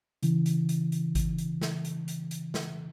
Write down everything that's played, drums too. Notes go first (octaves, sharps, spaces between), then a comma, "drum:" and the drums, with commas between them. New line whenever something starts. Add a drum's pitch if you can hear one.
C#3 E3, drum: hi-hat
drum: hi-hat
drum: hi-hat
drum: hi-hat
drum: kick G#1, hi-hat
drum: hi-hat
drum: snare
drum: hi-hat
drum: hi-hat
drum: hi-hat
drum: snare